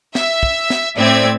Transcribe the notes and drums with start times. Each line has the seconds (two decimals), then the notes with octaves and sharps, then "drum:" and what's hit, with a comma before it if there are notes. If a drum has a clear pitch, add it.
0.15 E5, drum: snare
0.43 drum: kick
0.70 drum: snare
0.96 A2 C4 D5 E5 G#6